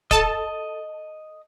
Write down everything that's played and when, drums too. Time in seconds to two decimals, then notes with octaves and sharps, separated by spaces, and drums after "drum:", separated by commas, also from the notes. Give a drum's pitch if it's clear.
0.11 A4 D#5 A5, drum: kick